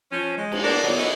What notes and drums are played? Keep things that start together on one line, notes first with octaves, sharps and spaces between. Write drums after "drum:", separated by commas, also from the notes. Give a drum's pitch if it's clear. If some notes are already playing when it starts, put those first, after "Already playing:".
F3 C#4
G#3
drum: cymbal
A#3 B3 D4
A#2 D#3 F#3 B3
C#4 D#4 E4 F#4 A4